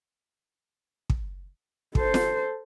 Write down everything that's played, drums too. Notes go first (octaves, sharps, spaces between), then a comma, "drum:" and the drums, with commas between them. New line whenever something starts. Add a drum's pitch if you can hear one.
drum: kick
A4 C5, drum: kick
drum: snare